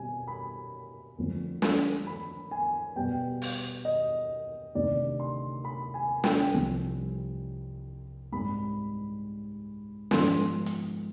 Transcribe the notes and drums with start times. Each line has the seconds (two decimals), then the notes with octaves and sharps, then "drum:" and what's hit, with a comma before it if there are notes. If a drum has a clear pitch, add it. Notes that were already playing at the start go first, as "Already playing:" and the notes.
Already playing: B2 G3 C4 G#5
0.27 B5
1.18 D2 D3 F3 C4
1.62 drum: snare
2.07 B5
2.51 G#5
2.96 B2 G3 B3 G5
3.42 drum: open hi-hat
3.85 D#5
4.75 D2 C3 D#3 D5
5.20 C6
5.64 B5
5.94 G#5
6.24 G5, drum: snare
6.54 C2 C3 F3 C4
8.32 G#2 G3 C4 B5
10.11 G#2 F3 B3 C6, drum: snare
10.66 drum: hi-hat